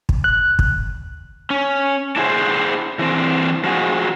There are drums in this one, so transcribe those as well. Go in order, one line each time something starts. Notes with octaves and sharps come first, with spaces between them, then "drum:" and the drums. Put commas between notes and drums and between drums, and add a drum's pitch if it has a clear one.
drum: kick
F#6
drum: kick
C#4
D4 E4 G#4 C5
E3 C4 D4
F3 G#3 F#4 G#4